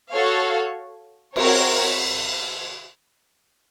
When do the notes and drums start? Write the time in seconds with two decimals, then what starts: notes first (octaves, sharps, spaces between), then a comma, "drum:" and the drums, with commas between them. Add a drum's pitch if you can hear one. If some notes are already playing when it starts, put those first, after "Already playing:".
0.12 F#4 A4 C#5 F5
1.36 C4 F#4 A#4 C#5, drum: cymbal